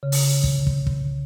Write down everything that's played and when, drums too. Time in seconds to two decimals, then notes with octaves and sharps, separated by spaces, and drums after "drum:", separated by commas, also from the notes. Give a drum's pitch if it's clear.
0.03 C#3
0.12 drum: open hi-hat
0.44 drum: kick
0.67 drum: kick
0.87 drum: kick